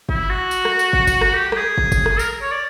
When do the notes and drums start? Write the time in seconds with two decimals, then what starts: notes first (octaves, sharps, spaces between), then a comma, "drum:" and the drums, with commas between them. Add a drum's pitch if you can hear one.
0.09 E4, drum: kick
0.30 F#4
0.51 drum: tambourine
0.65 drum: rim click
0.79 drum: tambourine
0.93 drum: kick
1.07 drum: kick, tambourine
1.21 drum: rim click
1.35 G4
1.52 G4, drum: rim click
1.57 G#4
1.78 drum: kick
1.92 drum: kick, tambourine
2.06 drum: rim click
2.19 A#4, drum: tambourine
2.42 C#5
2.51 D5